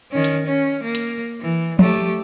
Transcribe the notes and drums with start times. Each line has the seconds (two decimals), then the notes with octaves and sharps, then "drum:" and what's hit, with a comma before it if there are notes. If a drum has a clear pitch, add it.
0.11 D#3 C#4
0.24 drum: hi-hat
0.46 C#4
0.83 A#3
0.95 drum: hi-hat
1.40 E3
1.79 A3 G4, drum: tom F3